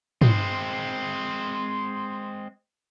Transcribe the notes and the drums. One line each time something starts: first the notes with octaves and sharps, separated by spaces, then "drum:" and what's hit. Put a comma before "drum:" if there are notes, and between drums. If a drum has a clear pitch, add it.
G#3 C4, drum: tom